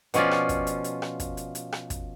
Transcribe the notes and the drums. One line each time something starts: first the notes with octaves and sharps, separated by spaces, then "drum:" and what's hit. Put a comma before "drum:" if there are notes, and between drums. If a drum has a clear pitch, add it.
B2 F3 C#4 F4 D5, drum: hi-hat
drum: rim click
drum: kick, hi-hat
drum: hi-hat
drum: hi-hat
drum: rim click
drum: kick, hi-hat
drum: hi-hat
drum: hi-hat
drum: rim click
drum: kick, hi-hat